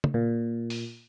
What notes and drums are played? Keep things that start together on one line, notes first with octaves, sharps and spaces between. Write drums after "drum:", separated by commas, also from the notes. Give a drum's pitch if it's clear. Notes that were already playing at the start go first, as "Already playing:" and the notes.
drum: tom
A#2
drum: open hi-hat